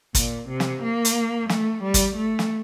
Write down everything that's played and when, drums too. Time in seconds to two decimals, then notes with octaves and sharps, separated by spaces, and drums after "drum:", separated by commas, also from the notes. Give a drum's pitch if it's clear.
0.15 A#2, drum: kick, hi-hat
0.49 C3
0.60 drum: snare
0.83 A#3
1.05 drum: hi-hat
1.49 A3, drum: snare
1.83 G3
1.94 drum: kick, hi-hat
2.16 A3
2.39 drum: snare